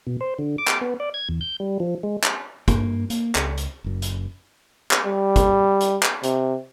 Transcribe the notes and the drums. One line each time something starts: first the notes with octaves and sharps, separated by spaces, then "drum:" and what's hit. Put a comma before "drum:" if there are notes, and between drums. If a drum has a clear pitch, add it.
B2
C5
D3
D6
drum: clap
B3
D5
G#6
E2
G6
G3
F3
G#3
drum: clap
G2 A#3, drum: kick, hi-hat
A#3, drum: hi-hat
C#2, drum: clap
drum: hi-hat
F#1 F#2
drum: hi-hat
drum: clap
G3
drum: kick, hi-hat
drum: hi-hat
drum: clap
C3, drum: hi-hat